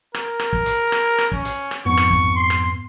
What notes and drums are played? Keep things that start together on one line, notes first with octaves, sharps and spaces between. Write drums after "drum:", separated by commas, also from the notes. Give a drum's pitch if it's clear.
A#4, drum: rim click
drum: rim click
drum: kick
drum: hi-hat
drum: rim click
drum: rim click
C#4, drum: kick
drum: hi-hat
drum: rim click
F2 G#2 B3 C#6
drum: rim click
drum: kick
C6
drum: rim click